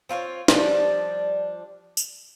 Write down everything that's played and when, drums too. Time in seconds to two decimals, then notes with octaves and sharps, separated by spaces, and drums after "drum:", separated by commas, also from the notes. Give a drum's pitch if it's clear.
0.09 C4 F4 A#4 C#5
0.48 F3 G3 D4, drum: snare
1.97 drum: tambourine